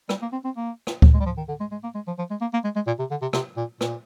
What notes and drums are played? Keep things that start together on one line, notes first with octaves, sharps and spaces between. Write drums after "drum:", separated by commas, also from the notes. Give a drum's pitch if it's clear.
G3, drum: rim click
A#3
C4
C4
A#3
drum: rim click
drum: kick D2
G#3
G3
F3
D#3
D3
G#3
G#3
A#3
G#3
F3
F3
G#3
A#3
A#3
G#3
G#3
A#2
C3
D3
C3
C3, drum: rim click
A#2
A#2, drum: rim click